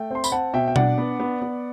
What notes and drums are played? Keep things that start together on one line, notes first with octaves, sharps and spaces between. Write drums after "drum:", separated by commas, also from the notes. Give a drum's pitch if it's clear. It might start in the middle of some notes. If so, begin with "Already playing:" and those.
Already playing: A3 G5
C4 C6
B5, drum: tambourine
C4 F#5 A5
B2 E5 G5
G5
D4 D5 F#5, drum: tom B2
B3
B3
B3